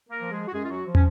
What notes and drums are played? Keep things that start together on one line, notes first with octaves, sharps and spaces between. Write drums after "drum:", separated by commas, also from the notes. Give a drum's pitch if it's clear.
A#3 A#4
F3
G#3 G#4
F#4
F#2 G#3 G#4
F4
F#3 F#4
F3
C#4, drum: tom